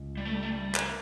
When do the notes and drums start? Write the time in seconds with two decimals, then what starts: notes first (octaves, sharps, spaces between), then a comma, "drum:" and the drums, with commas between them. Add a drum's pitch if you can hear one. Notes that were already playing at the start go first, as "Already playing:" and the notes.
Already playing: C#2
0.17 G3
0.25 A3
0.34 G3
0.43 A3
0.52 G3
0.75 A#3, drum: clap